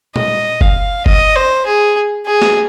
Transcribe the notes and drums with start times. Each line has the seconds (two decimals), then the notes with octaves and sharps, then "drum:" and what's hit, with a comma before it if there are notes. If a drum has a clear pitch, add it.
0.16 D#5, drum: tom A#2
0.61 F5, drum: kick
1.06 D#5, drum: kick
1.36 C5
1.66 G#4
2.26 G#4
2.42 drum: snare